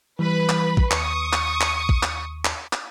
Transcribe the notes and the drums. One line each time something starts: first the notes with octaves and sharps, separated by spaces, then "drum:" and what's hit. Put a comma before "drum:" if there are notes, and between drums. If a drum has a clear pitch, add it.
E3 G3 B4 B5
drum: clap
drum: kick
D#2 C#6 D#6, drum: clap
drum: clap
drum: clap
drum: kick
drum: clap
drum: clap
drum: clap